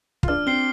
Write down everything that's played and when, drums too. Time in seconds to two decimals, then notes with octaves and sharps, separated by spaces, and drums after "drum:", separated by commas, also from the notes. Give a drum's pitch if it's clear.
0.23 F4, drum: kick
0.28 D4 F6
0.47 C4 C7 G7